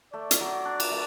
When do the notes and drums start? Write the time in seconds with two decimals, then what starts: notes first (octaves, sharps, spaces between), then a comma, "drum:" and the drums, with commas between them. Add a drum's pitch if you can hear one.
0.13 A3 D5
0.31 drum: hi-hat
0.40 F#3
0.65 D4
0.80 drum: cymbal
0.91 A3